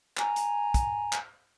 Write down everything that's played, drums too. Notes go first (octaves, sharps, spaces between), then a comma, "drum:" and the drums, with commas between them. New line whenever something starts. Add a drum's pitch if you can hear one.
G#5 A#5, drum: clap
drum: hi-hat
drum: kick, hi-hat
drum: clap